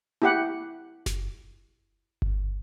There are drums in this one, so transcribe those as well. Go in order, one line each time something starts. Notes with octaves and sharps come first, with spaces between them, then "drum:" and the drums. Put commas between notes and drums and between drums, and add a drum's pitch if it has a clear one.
E4 G4 F#5, drum: tom A#3
drum: snare F#1
drum: kick G1